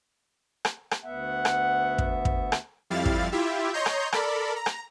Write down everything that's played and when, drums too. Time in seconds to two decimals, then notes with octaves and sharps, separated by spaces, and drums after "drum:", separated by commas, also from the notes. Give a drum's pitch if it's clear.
0.65 drum: rim click
0.91 drum: rim click
1.04 D2 B3 E5 F#5
1.45 drum: rim click
1.98 drum: kick
2.25 drum: kick
2.52 drum: rim click
2.90 F2 G3 E4 F5 A6
3.05 drum: kick
3.32 E4 F4 G4 E5
3.73 C#5 D#5 A#5 C6 G6
3.86 drum: rim click
4.12 A4 A#4 D5 B5, drum: rim click
4.56 A#5
4.66 drum: rim click